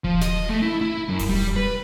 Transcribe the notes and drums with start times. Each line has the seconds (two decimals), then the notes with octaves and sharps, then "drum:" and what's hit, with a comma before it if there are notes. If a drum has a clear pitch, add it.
0.04 F3, drum: kick D#1
0.21 D#5, drum: snare
0.49 A3
0.62 E4
0.81 E4
1.09 F#2
1.19 drum: kick D#1, open hi-hat
1.29 G3
1.56 B4